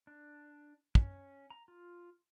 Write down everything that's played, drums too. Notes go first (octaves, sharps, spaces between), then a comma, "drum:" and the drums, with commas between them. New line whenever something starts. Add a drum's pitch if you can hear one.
D4
C#4, drum: kick
A#5
F4